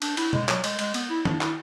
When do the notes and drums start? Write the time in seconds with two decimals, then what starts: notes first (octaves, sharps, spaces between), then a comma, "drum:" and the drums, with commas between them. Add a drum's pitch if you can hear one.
0.02 D4, drum: cymbal
0.17 E4, drum: cymbal
0.33 G#3, drum: tom B2
0.49 F#3, drum: clap
0.64 G#3, drum: cymbal
0.79 G#3, drum: cymbal
0.94 B3, drum: cymbal
1.10 E4
1.25 D4, drum: tom D#3
1.41 E4, drum: clap